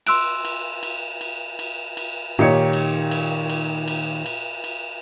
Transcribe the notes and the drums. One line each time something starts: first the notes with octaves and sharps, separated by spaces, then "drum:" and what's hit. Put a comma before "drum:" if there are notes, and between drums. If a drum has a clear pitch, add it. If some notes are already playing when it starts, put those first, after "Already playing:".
C6 E6 F#6 D7, drum: cymbal
drum: cymbal
drum: cymbal
drum: cymbal
drum: cymbal
drum: cymbal
A#2 D#3 D#4 G4 C#5 C#7
drum: cymbal
drum: cymbal
drum: cymbal
drum: cymbal
drum: cymbal
drum: cymbal